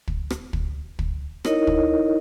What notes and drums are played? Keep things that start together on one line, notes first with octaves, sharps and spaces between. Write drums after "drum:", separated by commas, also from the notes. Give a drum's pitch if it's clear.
drum: kick
drum: rim click
drum: kick
drum: kick
D#4 E4 A#4 C#5 D#5, drum: rim click
drum: kick